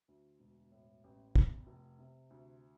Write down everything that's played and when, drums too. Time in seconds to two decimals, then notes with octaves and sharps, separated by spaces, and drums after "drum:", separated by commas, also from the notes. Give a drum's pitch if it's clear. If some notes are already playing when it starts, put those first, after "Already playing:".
0.08 D2
0.40 E1
0.72 A2
1.04 A1
1.36 E2, drum: kick
1.67 F1
1.99 C3
2.30 D2